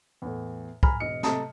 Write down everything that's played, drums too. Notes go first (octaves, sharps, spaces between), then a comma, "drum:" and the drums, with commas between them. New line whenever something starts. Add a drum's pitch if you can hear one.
E2 A2
G#5 A#5 B5 F6, drum: kick
E1 D#5 C#7
C3 A3 D#5 A5 A#5 D#6, drum: snare